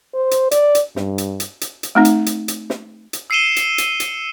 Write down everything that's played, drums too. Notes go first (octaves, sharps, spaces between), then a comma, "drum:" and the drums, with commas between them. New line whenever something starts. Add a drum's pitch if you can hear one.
C5
drum: hi-hat
D5, drum: hi-hat
drum: hi-hat
G2, drum: snare
drum: hi-hat
drum: hi-hat
drum: hi-hat
drum: hi-hat
A3 C4 D#4
drum: hi-hat
drum: hi-hat
drum: hi-hat
drum: snare
drum: hi-hat
E6 C7 C#7 D#7 E7 G7
drum: hi-hat
drum: hi-hat
drum: hi-hat